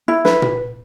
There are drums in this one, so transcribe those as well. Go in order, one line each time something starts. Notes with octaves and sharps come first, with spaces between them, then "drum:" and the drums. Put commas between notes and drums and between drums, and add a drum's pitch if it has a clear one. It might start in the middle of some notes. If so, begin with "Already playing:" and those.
E4
B4, drum: snare
drum: tom A#2